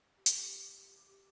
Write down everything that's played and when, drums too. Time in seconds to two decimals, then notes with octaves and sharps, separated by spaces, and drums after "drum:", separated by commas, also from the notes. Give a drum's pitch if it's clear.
0.16 G4
0.26 A4, drum: hi-hat
0.34 G4